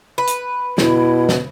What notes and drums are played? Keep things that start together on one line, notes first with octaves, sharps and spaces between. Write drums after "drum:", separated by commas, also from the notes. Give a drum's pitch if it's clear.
B4
drum: hi-hat
B2 E4, drum: snare
drum: snare